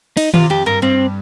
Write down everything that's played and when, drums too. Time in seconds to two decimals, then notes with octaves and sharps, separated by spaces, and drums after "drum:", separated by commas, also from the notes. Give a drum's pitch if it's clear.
0.17 D#4, drum: cymbal
0.34 C3 F4, drum: tom D#3
0.50 F2 G4
0.66 G2 A#4
0.82 G2 C4